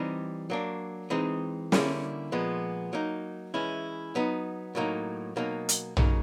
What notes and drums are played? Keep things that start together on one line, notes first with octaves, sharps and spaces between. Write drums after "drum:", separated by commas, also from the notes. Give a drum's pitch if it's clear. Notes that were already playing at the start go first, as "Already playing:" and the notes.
Already playing: E3 G3 C4 D#4
F#3 A#3 D4
E3 G#3 C4 D#4
D3 G3 A#3 C#4 E4, drum: snare
A#2 F3 G#3 B3
F#3 A#3 D#4
E3 G#3 C#4 E4
F#3 B3 D#4
A2 F#3 A#3 D#4
B2 F#3 A#3 D#4
drum: hi-hat
C#3 F#3 A#3 D#4, drum: tom